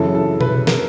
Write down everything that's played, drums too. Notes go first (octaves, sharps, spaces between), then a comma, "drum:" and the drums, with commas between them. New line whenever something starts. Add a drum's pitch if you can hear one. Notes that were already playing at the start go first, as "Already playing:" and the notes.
Already playing: F#2 C#3 E3 A4
A4
B4, drum: tom B2
A#4, drum: snare